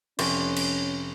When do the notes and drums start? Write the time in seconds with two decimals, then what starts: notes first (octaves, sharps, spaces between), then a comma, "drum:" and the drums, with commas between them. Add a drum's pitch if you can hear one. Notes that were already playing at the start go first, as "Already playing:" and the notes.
0.19 F1 C#4, drum: cymbal
0.57 drum: cymbal